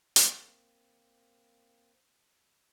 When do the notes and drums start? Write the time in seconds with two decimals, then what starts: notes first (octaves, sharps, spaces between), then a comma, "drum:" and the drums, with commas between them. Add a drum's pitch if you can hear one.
0.16 A#3 C4, drum: hi-hat